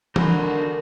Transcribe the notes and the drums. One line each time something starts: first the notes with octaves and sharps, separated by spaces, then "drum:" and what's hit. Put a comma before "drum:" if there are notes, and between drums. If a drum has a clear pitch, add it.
D3 D#4 F#4 A#4 G#5 B5 C6, drum: tom